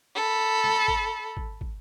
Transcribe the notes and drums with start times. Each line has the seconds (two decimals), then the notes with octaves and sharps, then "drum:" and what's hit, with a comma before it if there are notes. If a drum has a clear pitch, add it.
0.15 A4 B5
0.64 drum: snare
0.88 drum: kick
1.37 drum: kick
1.61 drum: kick